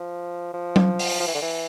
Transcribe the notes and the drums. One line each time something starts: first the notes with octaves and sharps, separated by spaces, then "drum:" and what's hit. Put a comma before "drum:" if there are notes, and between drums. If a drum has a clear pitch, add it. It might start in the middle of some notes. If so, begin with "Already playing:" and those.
Already playing: F3
F3
drum: tom F#3
drum: open hi-hat
F3
E3
D3
E3